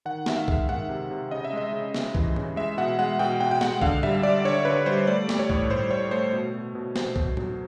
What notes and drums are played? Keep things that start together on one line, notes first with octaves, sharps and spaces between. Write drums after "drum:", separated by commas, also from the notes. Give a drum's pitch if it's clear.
D#3 F#5
D#3 E5, drum: snare
F5
G#3, drum: kick
D#3 F#5, drum: tom G2
C3
C3
C#3 D#5
E5
G#3 D#5
C#3
C#3, drum: snare
E3, drum: kick
C#3, drum: tom G#2
G#3 E5
B2 F#5
G#3 F#5
B2 G5
B2 G5
G5
G#3 F#5, drum: snare
D3 F5, drum: kick
G3 E5, drum: tom G#2
G3 D5
D3 C#5
D3 B4
G3 C5
A3 D5
A3, drum: snare
C#5
A2, drum: kick
A2 C5, drum: tom G2
A2 C#5
A3 C5
B2
B2
B2
B2 C5, drum: snare
B2, drum: kick
F#3, drum: tom G#2